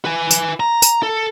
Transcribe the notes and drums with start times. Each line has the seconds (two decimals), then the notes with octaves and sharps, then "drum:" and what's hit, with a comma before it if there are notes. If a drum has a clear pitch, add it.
0.05 B4 G#5
0.31 drum: tambourine
0.60 A#5
0.82 drum: tambourine
1.03 A4